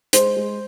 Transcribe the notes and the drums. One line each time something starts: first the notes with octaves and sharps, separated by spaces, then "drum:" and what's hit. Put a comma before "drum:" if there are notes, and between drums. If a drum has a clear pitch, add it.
G#3 C5, drum: hi-hat
G#3